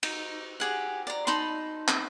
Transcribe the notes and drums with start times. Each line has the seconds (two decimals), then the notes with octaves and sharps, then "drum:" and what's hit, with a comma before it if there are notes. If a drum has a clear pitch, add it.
0.03 D#4, drum: cymbal
0.60 G4 G#4 F#5
1.07 D5 A#5
1.27 D#4 A5 B5 C6
1.88 drum: clap